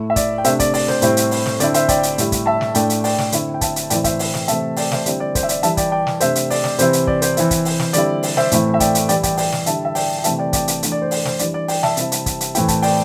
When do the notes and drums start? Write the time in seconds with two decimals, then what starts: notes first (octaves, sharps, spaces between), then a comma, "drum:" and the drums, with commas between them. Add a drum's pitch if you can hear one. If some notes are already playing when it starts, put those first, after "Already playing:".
Already playing: A2 A3 E4
0.10 E5
0.16 D5, drum: kick, hi-hat
0.38 G5
0.44 C3 A3 D4 C5 E5, drum: hi-hat
0.60 D5, drum: kick, hi-hat
0.74 D5, drum: open hi-hat
0.88 C5, drum: snare
1.02 A2 G3 C4 E4, drum: hi-hat
1.17 drum: hi-hat
1.31 drum: open hi-hat
1.46 drum: snare
1.60 D3 C4 E4 D5, drum: hi-hat
1.74 C5 E5, drum: hi-hat
1.89 D5 G5, drum: kick, hi-hat
2.03 drum: hi-hat
2.18 A2 G3 E4, drum: hi-hat
2.32 drum: kick, hi-hat
2.46 E5 A5
2.61 drum: snare
2.75 A2 A3 D4 D5 G5, drum: hi-hat
2.90 drum: hi-hat
3.04 D5 G5, drum: open hi-hat
3.18 drum: snare
3.32 D3 C4 E4, drum: hi-hat
3.54 G5
3.61 E5 A5, drum: kick, hi-hat
3.76 drum: hi-hat
3.90 A2 E3 C4 E4 D5 G5, drum: hi-hat
4.04 C5 E5, drum: kick, hi-hat
4.19 drum: open hi-hat
4.34 drum: snare
4.48 C3 E3 A3 C4 E5 A5, drum: hi-hat
4.76 D5 G5, drum: open hi-hat
4.92 C5 E5, drum: snare
5.06 D3 G3 C4 E4 D5, drum: hi-hat
5.20 D5
5.35 C5, drum: kick, hi-hat
5.43 E5
5.49 D5, drum: hi-hat
5.63 E3 G3 E4 E5 A5, drum: hi-hat
5.77 D5 G5, drum: kick, hi-hat
5.92 D5 G5
6.07 drum: snare
6.20 C3 A3 D4 C5 E5, drum: hi-hat
6.35 drum: hi-hat
6.50 D5, drum: open hi-hat
6.64 D5, drum: snare
6.79 C3 E3 C4 E4 C5, drum: hi-hat
6.93 drum: hi-hat
7.07 D5, drum: kick
7.22 C5, drum: hi-hat
7.37 E3 C4 E4, drum: hi-hat
7.51 drum: kick, hi-hat
7.65 drum: open hi-hat
7.79 drum: snare
7.93 D3 G3 C4 E4 D5, drum: hi-hat
8.23 drum: open hi-hat
8.37 C5 E5, drum: snare
8.51 A2 E3 A3 C4 E4, drum: hi-hat
8.74 E5
8.80 D5 G5, drum: kick, hi-hat
8.95 drum: hi-hat
9.09 E3 G3 E4 D5 G5, drum: hi-hat
9.23 D5 G5, drum: kick, hi-hat
9.37 D5 G5, drum: open hi-hat
9.52 drum: snare
9.66 D3 G3 E4 E5 A5, drum: hi-hat
9.85 E5
9.95 D5 G5, drum: open hi-hat
10.18 G5
10.24 C3 E3 A3 C4 E5 A5, drum: hi-hat
10.38 D5 G5
10.53 D5 G5, drum: kick, hi-hat
10.68 drum: hi-hat
10.83 E3 A3 D4, drum: hi-hat
10.92 D5
11.02 C5
11.11 D5, drum: open hi-hat
11.25 C5, drum: snare
11.39 E3 G3 D4 D5, drum: hi-hat
11.54 D5
11.68 D5 G5, drum: open hi-hat
11.83 E5 A5, drum: snare
11.97 C3 G3 C4 E4, drum: hi-hat
12.12 drum: hi-hat
12.26 drum: kick, hi-hat
12.41 drum: hi-hat
12.55 A2 E3 A3 C4 E4 G5, drum: hi-hat
12.68 A5, drum: kick, hi-hat
12.82 D5 G5, drum: open hi-hat